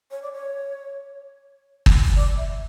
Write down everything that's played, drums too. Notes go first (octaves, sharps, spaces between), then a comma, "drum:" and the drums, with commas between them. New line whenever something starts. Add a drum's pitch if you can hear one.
C#5
D5
C#5
drum: kick G1
D5
E5